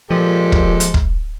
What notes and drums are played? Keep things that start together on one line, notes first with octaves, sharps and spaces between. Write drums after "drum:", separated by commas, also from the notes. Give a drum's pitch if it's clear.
A#2 F3 G#3 G4 A4
drum: kick
drum: hi-hat
drum: kick